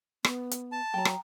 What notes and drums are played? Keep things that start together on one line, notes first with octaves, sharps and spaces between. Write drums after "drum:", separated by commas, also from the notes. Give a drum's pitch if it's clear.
B3, drum: rim click
drum: hi-hat
A5
F#3 G5 A#5
drum: rim click